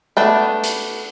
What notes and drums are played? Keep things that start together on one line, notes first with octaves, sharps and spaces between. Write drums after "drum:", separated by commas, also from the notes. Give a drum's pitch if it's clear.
A3 B3 D4
drum: hi-hat